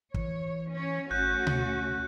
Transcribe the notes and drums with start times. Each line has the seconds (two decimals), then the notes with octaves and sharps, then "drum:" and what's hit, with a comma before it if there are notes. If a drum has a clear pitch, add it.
0.14 E3 C#5, drum: kick
0.71 C#4 C#5
1.11 G#1 A3 C#4 F#4 F#6 G6
1.47 D2, drum: tom B2